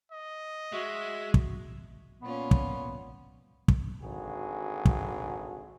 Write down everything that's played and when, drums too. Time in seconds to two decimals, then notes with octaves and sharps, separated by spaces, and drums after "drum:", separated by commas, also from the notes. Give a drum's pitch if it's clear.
0.12 D#5
0.73 G#3 F#4 E5
1.34 drum: kick
2.22 A#2 B3 C#4 F4
2.51 drum: kick
3.68 drum: kick
4.02 G#1 D3 F#4 G#4
4.85 drum: kick